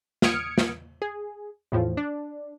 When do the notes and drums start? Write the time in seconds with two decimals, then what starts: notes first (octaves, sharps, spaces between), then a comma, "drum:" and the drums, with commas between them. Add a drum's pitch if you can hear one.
0.22 D#6 F6 G#6 C#7 D7, drum: snare
0.58 drum: snare
1.02 G#4
1.72 E2 A2 F3
1.97 D4